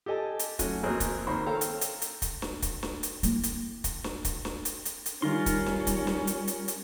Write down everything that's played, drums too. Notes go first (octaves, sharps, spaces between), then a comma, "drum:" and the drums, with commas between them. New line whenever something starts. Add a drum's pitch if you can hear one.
G4 A4 D#5 G#5 A5
drum: hi-hat
F#3 A3 C#4, drum: kick, hi-hat
G#1 F2 A#3 G#4 C5 F#6
drum: kick, hi-hat
G#1 D#3 A#3 C5 B5 C#6
A4 C#5 F5 G5 A#5
drum: hi-hat
drum: hi-hat
drum: hi-hat
drum: kick, hi-hat
drum: snare
drum: kick, hi-hat
drum: snare
drum: hi-hat
A#3 E4, drum: hi-hat
drum: hi-hat
drum: kick, hi-hat
drum: snare
drum: kick, hi-hat
drum: snare
drum: hi-hat
drum: hi-hat
drum: hi-hat
D#3 G3 C#4 F4 A#4 C6
drum: kick, hi-hat
drum: snare
drum: kick, hi-hat
drum: snare
drum: hi-hat
drum: hi-hat
drum: hi-hat